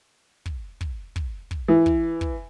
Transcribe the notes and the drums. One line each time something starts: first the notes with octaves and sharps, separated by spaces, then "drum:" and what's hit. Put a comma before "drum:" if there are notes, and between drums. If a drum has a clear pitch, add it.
drum: kick
drum: kick
drum: kick
drum: kick
E3
drum: kick
drum: kick